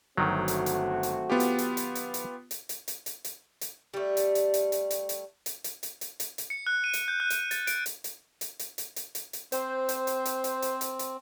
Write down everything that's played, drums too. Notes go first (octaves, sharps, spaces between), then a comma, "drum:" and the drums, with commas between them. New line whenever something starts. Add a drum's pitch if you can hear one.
G1 D#3 F#3 A3 C4 F#4
drum: hi-hat
drum: hi-hat
drum: hi-hat
B3 F4 G4
drum: hi-hat
drum: hi-hat
drum: hi-hat
drum: hi-hat
drum: hi-hat
drum: hi-hat
drum: hi-hat
drum: hi-hat
drum: hi-hat
drum: hi-hat
drum: hi-hat
G3 A3
drum: hi-hat
drum: hi-hat
drum: hi-hat
drum: hi-hat
drum: hi-hat
drum: hi-hat
drum: hi-hat
drum: hi-hat
drum: hi-hat
drum: hi-hat
drum: hi-hat
drum: hi-hat
C#7
F#6
D#7
drum: hi-hat
G6
F#6
drum: hi-hat
A6, drum: hi-hat
D7, drum: hi-hat
drum: hi-hat
drum: hi-hat
drum: hi-hat
drum: hi-hat
drum: hi-hat
drum: hi-hat
drum: hi-hat
drum: hi-hat
C4 C5, drum: hi-hat
drum: hi-hat
drum: hi-hat
drum: hi-hat
drum: hi-hat
drum: hi-hat
drum: hi-hat
drum: hi-hat